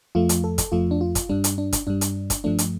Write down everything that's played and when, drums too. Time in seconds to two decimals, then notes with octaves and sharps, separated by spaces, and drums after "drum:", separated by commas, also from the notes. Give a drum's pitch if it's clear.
0.15 F2 F3 A3 F4
0.29 drum: hi-hat
0.44 A4
0.58 drum: kick, hi-hat
0.72 F2 F3 A3 F4
0.91 D4
1.01 F4
1.15 drum: kick, hi-hat
1.29 G2 G3 D4
1.44 drum: hi-hat
1.58 D4
1.73 drum: kick, hi-hat
1.87 G2 G3 D4
2.01 drum: hi-hat
2.30 drum: kick, hi-hat
2.44 G2 F3 A3 D4
2.58 drum: hi-hat